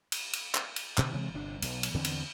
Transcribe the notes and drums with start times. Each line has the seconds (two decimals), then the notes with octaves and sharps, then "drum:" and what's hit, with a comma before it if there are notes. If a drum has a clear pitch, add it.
0.12 drum: cymbal
0.33 drum: cymbal
0.55 drum: clap
0.76 drum: cymbal
0.98 G2 B2 D3, drum: clap
1.14 C3 E3 G#3 C4
1.34 G1 C3 D4
1.62 B1, drum: cymbal
1.83 drum: cymbal
1.94 E2 D3 E3 C4
2.04 drum: cymbal